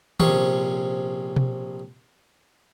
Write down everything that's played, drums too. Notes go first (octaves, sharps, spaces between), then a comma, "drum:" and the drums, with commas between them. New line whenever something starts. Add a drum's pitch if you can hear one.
A#1 C3 C#4 G#4 C#6, drum: tom D#3
drum: tom B2